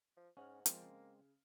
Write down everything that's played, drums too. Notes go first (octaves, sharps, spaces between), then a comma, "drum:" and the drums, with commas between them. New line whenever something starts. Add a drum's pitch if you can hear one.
F3
G#2 C#4 F#5 F6
F3 G#3 A#3 C4, drum: hi-hat
C#3